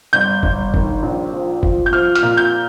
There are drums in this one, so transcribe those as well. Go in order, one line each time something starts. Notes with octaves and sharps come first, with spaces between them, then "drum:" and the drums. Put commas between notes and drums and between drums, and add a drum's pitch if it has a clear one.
G1 G6
G1, drum: kick
D#3, drum: kick
A#1
F3
F3, drum: kick
G6
F3 F6
F6, drum: hi-hat
A#2
G6